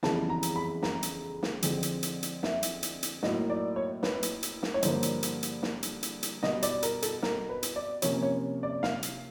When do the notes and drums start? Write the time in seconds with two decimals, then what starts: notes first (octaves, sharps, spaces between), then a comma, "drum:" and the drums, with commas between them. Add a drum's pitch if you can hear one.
0.03 F2 C#3 E3 G3 B3 A5, drum: snare
0.29 A#5
0.43 drum: hi-hat
0.56 B5
0.83 A#5, drum: snare
1.03 drum: hi-hat
1.43 drum: snare
1.62 F2 D3 F3 G#3 C4, drum: hi-hat
1.83 drum: hi-hat
2.03 drum: hi-hat
2.23 drum: hi-hat
2.43 E5, drum: snare
2.63 drum: hi-hat
2.83 drum: hi-hat
3.03 drum: hi-hat
3.23 A2 F#3 A#3 D#4 D#5, drum: snare
3.50 D5
3.76 C#5
4.03 B4, drum: snare
4.23 drum: hi-hat
4.43 drum: hi-hat
4.63 drum: snare
4.74 C#5
4.83 G2 D3 F3 A#3 C5, drum: hi-hat
5.03 drum: hi-hat
5.23 drum: hi-hat
5.43 drum: hi-hat
5.63 drum: snare
5.83 drum: hi-hat
6.03 drum: hi-hat
6.23 drum: hi-hat
6.43 B2 G3 B3 D#5, drum: snare
6.62 D5, drum: hi-hat
6.83 A#4, drum: hi-hat
7.02 A4, drum: hi-hat
7.23 A#4, drum: snare
7.49 B4
7.63 drum: hi-hat
7.76 D5
8.02 C3 F3 A#3 C#4 C#5, drum: hi-hat
8.22 C#5
8.63 D5
8.83 F5, drum: snare
9.03 drum: hi-hat